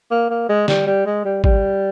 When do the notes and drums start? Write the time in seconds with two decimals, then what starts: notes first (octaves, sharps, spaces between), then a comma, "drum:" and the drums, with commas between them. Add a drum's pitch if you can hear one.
0.11 A#3
0.30 A#3
0.49 G#3
0.68 G3, drum: snare
0.86 G3
1.06 G#3
1.25 G3
1.44 G3, drum: kick